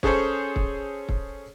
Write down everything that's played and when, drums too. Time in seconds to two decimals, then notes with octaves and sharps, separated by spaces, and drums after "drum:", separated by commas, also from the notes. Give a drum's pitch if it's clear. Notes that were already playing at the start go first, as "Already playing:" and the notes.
0.03 C#4 G#4 A4 C5 C#5, drum: kick
0.56 drum: kick
1.09 drum: kick